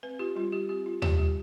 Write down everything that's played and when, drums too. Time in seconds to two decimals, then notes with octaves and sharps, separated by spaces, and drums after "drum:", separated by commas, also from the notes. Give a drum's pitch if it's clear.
0.03 C4 B4
0.19 F4 G4
0.36 G3 F4
0.52 G3 G4
0.69 C4 G4
0.86 F4
1.02 G3 G4, drum: tom D#2
1.18 G3 G4